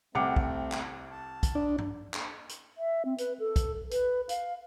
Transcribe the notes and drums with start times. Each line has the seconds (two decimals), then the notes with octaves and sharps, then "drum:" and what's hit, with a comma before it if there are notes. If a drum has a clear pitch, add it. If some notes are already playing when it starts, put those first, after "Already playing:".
0.15 C2 A3 C4 F#5 D6 C#7
0.36 drum: kick
0.72 drum: clap
1.11 A5
1.43 drum: kick, hi-hat
1.55 D4
1.78 drum: tom G2
2.14 drum: clap
2.49 drum: hi-hat
2.78 E5
3.05 C4
3.18 B4, drum: hi-hat
3.39 A4
3.56 drum: kick, hi-hat
3.91 B4, drum: hi-hat
4.29 F5, drum: hi-hat